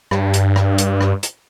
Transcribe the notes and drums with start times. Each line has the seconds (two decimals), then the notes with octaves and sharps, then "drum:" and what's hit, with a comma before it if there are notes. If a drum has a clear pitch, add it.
0.11 G2, drum: rim click
0.34 drum: hi-hat
0.56 drum: rim click
0.78 drum: hi-hat
1.01 drum: rim click
1.23 drum: hi-hat